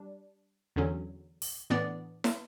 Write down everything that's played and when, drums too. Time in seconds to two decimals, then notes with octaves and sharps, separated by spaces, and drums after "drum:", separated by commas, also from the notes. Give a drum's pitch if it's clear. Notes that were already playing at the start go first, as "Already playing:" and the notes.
Already playing: G3 D4
0.76 E2 D3 F#3 C#4
1.42 drum: open hi-hat
1.70 A2 E3 B3 D4 D5
2.24 drum: snare